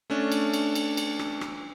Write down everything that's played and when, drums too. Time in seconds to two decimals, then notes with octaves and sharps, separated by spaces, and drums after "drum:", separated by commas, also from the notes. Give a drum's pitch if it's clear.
0.10 A3 C#4 D4
0.32 drum: cymbal
0.54 drum: cymbal
0.75 drum: cymbal
0.97 drum: cymbal
1.19 drum: rim click
1.41 drum: rim click